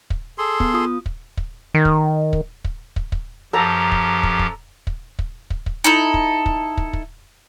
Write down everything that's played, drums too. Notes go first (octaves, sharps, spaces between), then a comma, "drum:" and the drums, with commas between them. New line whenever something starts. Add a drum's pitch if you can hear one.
drum: kick
G#4 A4 C6
B3, drum: kick
F4 D#6
drum: kick
drum: kick
D#3
drum: kick
drum: kick
drum: kick
drum: kick
drum: kick
F#2 F3 G4 A4 A#5
drum: kick
drum: kick
drum: kick
drum: kick
drum: kick
drum: kick
drum: kick
D#4 E4 A4
drum: kick
drum: kick
drum: kick
drum: kick